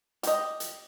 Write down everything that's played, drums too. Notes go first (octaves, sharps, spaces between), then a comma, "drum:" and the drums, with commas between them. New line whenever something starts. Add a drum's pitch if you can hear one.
G4 D#5, drum: hi-hat
drum: hi-hat